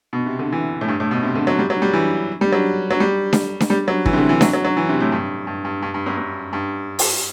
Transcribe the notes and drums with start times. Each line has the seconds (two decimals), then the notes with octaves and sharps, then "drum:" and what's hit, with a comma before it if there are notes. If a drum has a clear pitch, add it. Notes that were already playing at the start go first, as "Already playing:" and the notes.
0.13 B2
0.26 C3
0.39 D3
0.52 E3
0.81 A2
0.88 G2
1.00 A2
1.11 B2
1.23 C3
1.36 D3
1.47 F#3
1.59 G3
1.70 F#3
1.82 G3
1.93 E3
2.41 G3
2.52 F#3
2.91 F#3
3.00 G3
3.33 drum: snare D4
3.60 drum: snare D4
3.70 G3
3.88 F#3
4.05 E3, drum: kick
4.13 C3
4.18 D3
4.29 E3
4.41 F#3, drum: snare D4
4.53 F#3
4.65 F#3
4.77 E3
4.89 C3
5.00 A2
5.12 G2
5.47 G2
5.65 G2
5.82 G2
5.94 G2
6.06 F#2
6.17 F#2
6.53 G2
6.99 drum: open hi-hat